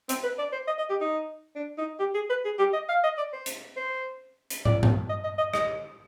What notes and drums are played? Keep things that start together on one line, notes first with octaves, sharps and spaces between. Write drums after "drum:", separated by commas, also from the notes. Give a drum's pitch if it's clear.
C4, drum: hi-hat
B4
D5
C5
D#5
D#5
G4
D#4
D4
D#4
G4
G#4
B4
G#4
G4
D#5
F5
D#5
D5
C5
drum: hi-hat
C5
drum: hi-hat
D5, drum: tom
drum: tom G2
D#5
D#5
D#5
D#5, drum: rim click